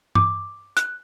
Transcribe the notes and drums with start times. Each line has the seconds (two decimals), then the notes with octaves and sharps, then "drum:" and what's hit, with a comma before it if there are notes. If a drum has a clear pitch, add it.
0.15 D6, drum: tom G2
0.77 F#6, drum: hi-hat